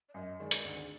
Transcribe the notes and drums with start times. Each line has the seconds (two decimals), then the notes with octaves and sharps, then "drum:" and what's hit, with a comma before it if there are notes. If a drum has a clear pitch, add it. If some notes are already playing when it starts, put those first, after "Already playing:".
0.09 D5
0.14 F#2 D#5
0.40 D#3 G#3 D5
0.51 drum: hi-hat
0.65 D2